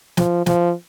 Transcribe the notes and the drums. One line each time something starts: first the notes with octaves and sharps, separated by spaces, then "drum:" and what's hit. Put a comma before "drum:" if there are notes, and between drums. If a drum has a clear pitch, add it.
F3, drum: snare
F3, drum: snare